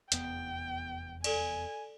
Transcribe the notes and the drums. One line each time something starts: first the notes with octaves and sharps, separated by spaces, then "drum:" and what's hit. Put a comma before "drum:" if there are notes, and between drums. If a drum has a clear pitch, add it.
F1 E2 B3 G5, drum: hi-hat
A4 D5 G#5, drum: cymbal